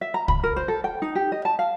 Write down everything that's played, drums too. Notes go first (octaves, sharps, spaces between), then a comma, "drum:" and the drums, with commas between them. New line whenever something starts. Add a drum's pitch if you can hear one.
E5
A#5
B5, drum: kick C2
A#4
C5
A4
G5
D#4
G4
D#5
A5
F5